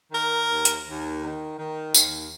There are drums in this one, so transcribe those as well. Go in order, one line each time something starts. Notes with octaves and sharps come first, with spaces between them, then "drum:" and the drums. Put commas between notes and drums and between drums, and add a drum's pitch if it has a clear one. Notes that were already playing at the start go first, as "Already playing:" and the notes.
D#3 A#4
D#2
drum: hi-hat
D#2
D#3
D#3
D#2, drum: tambourine